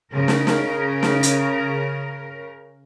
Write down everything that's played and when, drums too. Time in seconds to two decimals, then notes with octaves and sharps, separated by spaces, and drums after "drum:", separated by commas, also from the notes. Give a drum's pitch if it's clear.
0.14 C#3 A#4
0.28 drum: snare
0.47 drum: snare
1.03 drum: snare
1.23 drum: hi-hat